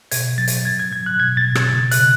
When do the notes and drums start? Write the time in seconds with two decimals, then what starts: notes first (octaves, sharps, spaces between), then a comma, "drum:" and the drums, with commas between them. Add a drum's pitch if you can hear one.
0.11 B2 G#6, drum: hi-hat
0.38 F#3 A6
0.48 drum: hi-hat
0.65 F#3 G#6
0.80 G#6
0.92 F#3 G#6
1.06 F#6
1.20 B2 G#6
1.37 A6
1.46 B2
1.55 G#6, drum: rim click
1.72 C#3
1.91 F#6, drum: hi-hat
2.00 C#3